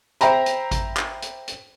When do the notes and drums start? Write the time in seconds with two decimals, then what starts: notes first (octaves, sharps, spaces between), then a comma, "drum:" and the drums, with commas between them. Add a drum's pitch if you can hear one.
0.21 C5 E5 G5 A#5 B5, drum: hi-hat
0.46 drum: hi-hat
0.71 drum: kick G#1, hi-hat
0.97 drum: clap
1.22 drum: hi-hat
1.48 drum: hi-hat